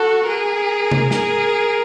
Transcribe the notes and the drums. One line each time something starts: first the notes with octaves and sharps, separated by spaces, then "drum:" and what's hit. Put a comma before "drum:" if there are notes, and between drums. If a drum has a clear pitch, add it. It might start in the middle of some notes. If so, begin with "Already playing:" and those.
Already playing: F#4 A4
G#4 A#4
drum: tom C3
G#4, drum: snare